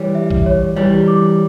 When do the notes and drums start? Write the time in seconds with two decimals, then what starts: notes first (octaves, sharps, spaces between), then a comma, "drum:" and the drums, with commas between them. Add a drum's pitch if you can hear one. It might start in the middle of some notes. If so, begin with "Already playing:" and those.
Already playing: E3 G3 C#5
0.15 E5
0.31 drum: kick A1
0.46 C#5
0.76 E3 G3 C#5
1.08 D6